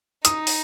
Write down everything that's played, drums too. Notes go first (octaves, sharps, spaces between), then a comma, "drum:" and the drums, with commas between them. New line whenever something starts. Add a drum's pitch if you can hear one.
D#4 D#6, drum: hi-hat
drum: open hi-hat